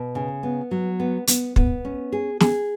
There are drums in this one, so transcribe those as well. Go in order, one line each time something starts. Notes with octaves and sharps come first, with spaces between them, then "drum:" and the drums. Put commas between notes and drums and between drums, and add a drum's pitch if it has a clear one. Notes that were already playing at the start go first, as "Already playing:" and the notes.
Already playing: B2
C#3
B3
F#3
B3
B3, drum: hi-hat
B3, drum: kick
C#4
G#4
G#4, drum: snare